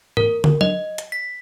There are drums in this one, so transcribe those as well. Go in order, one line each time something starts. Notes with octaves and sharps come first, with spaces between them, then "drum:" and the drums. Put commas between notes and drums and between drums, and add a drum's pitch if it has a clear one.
A#4, drum: tom G#2
drum: tom
D#5, drum: tom F#3
drum: hi-hat
B6